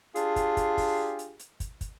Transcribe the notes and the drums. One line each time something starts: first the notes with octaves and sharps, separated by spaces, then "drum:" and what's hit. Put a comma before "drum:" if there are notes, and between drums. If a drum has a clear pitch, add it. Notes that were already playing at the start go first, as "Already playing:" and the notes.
D4 F4 G4 G#4, drum: hi-hat
drum: kick, hi-hat
drum: kick, hi-hat
drum: kick, open hi-hat
drum: hi-hat
drum: hi-hat
drum: kick, hi-hat
drum: kick, hi-hat